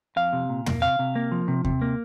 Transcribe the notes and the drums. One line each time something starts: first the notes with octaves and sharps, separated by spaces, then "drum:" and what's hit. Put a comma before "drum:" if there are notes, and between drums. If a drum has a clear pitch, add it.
F2 F5
C3
A#2
A#3, drum: tom
C3 F5
C3
A#3
F3
C3
C3, drum: kick D#2
A#3